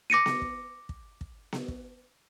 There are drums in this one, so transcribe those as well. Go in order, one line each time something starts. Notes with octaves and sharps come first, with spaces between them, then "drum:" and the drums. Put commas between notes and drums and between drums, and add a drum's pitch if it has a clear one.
D6 A#6 C#7 D#7
drum: snare B3
drum: kick
drum: kick
drum: kick
drum: snare B3
drum: kick